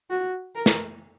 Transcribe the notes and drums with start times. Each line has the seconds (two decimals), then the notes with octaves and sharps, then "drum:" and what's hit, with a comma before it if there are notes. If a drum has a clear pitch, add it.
0.10 F#4
0.55 A#4
0.66 drum: snare